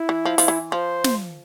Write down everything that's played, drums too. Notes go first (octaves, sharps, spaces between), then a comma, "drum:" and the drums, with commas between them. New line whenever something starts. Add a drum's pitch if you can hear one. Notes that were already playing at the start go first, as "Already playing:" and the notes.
Already playing: E4
E3
F3
F3, drum: open hi-hat
E3
F3 C5
drum: snare